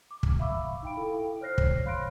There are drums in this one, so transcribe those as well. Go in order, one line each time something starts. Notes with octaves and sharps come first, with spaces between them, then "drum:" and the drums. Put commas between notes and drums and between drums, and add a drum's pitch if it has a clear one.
D6
drum: kick
E5 F5 B5 C#6 D6 E6
D#4 F5 G5 B5 D7
E4 A4 G5
C5 C#5 F6 F#6 A#6 C7
drum: kick
F5 B5 C6 F#6 A#6 D7